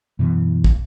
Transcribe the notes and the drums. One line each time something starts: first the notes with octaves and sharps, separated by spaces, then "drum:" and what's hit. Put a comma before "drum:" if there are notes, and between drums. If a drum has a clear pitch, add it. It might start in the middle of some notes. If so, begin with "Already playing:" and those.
F#2 B2 E3
drum: kick